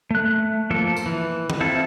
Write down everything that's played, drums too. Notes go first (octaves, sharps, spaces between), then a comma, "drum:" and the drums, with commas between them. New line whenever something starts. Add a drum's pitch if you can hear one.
A3 F#6
F3 A#3 A4
drum: tambourine
E3
drum: tom D#3
C4 E4 F4 A4